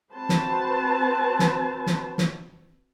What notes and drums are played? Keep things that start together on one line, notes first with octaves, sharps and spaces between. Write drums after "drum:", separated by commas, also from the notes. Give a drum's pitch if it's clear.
C4 F#4 B4 C5 A5
drum: snare
drum: snare
drum: snare
drum: snare